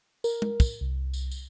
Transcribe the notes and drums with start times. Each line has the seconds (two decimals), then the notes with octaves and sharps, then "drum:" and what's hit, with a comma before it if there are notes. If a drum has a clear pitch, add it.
0.24 A#4, drum: tambourine
0.42 drum: tom
0.60 drum: kick, tambourine
0.81 C2
1.14 drum: tambourine
1.31 drum: tambourine